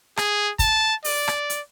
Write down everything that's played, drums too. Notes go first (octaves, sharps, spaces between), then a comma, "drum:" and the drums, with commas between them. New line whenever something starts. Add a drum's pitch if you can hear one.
G#4, drum: rim click
A5, drum: kick, hi-hat
D5, drum: open hi-hat
drum: rim click
drum: hi-hat